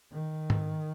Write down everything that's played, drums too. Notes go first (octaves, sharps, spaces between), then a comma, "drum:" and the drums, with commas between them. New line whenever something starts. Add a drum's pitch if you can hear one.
D#3
drum: tom G#2